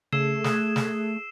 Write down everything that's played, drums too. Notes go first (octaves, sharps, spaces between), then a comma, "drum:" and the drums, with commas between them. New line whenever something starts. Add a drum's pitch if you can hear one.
C#3 A3 G#4 E6 C7 E7
D#6 F#6 G#6, drum: snare
drum: snare